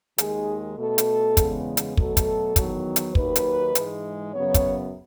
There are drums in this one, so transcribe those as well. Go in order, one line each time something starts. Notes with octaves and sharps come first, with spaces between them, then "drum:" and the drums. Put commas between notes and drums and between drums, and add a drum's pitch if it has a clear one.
D#2 D#3 G#3 G#4, drum: hi-hat
B2 A3 A4
drum: hi-hat
E2 C#3 G#3 B3, drum: kick, hi-hat
drum: hi-hat
B2 F#3 A3 A4, drum: kick
drum: kick, hi-hat
E2 D#3 F#3 B3, drum: kick, hi-hat
drum: hi-hat
D#2 D#3 F#3 B4, drum: kick
drum: hi-hat
G#2 E3 G#3, drum: hi-hat
F#2 C#3 F#3 B3 C#5
drum: kick, hi-hat